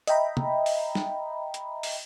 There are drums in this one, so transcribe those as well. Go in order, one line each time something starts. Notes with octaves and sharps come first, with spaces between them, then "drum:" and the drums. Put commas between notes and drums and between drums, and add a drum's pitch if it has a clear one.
D#5 E5 G5 A#5 B5, drum: hi-hat
drum: tom C3
drum: open hi-hat
drum: snare
drum: hi-hat
drum: open hi-hat